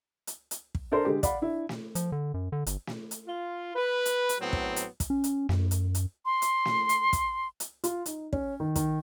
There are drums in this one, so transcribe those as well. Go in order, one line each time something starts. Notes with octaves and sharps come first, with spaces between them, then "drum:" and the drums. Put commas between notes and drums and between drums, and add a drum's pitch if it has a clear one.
drum: hi-hat
drum: hi-hat
drum: kick
D4 A4 A#4 C5
D3 G#3 G4
D5 F5 F#5 B5, drum: kick, hi-hat
D4 E4
drum: snare
F3, drum: hi-hat
D3
F#2
D3
G1, drum: hi-hat
drum: snare
drum: hi-hat
F4
B4
drum: hi-hat
drum: hi-hat
A2 F#3 B3 C4
drum: kick
drum: hi-hat
drum: kick, hi-hat
C#4
drum: hi-hat
F#2, drum: snare
drum: hi-hat
drum: hi-hat
C6
drum: hi-hat
drum: snare
drum: hi-hat
drum: kick, hi-hat
drum: hi-hat
F4, drum: hi-hat
D#4, drum: hi-hat
C#4, drum: kick
D#3
D#3, drum: kick, hi-hat